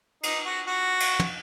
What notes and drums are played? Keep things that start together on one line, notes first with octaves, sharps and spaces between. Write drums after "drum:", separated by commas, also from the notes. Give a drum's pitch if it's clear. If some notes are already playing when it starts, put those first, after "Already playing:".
D#4, drum: cymbal
F#4
F#4
drum: cymbal
drum: tom